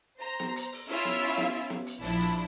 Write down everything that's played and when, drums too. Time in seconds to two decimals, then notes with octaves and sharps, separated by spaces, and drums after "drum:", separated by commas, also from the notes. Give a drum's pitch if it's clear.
0.18 C5 A#5
0.40 drum: snare B3
0.56 drum: hi-hat
0.72 drum: open hi-hat
0.89 C#4 E4 F4 E5, drum: open hi-hat
1.05 drum: snare B3
1.37 drum: snare B3
1.70 drum: snare B3
1.86 drum: hi-hat
2.01 A#1 F3 D4 E4, drum: open hi-hat
2.19 drum: open hi-hat